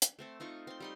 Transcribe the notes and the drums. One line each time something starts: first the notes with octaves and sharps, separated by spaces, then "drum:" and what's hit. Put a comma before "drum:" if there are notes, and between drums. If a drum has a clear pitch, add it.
drum: hi-hat
A3 C4 A4
C4 D#4 F4 C#6
C4 C6
G3 D#4 C6